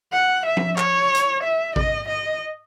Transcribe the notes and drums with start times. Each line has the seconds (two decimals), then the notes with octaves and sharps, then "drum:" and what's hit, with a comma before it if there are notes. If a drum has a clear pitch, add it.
0.13 F#5
0.46 E5
0.57 drum: tom F3
0.78 C#5, drum: clap
1.15 drum: hi-hat
1.43 E5
1.76 D#5, drum: kick A1
2.08 D#5